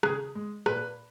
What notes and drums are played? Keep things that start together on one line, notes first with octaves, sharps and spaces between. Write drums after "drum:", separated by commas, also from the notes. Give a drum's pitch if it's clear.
C#3 G#4, drum: rim click
G#3
A#2 B4, drum: rim click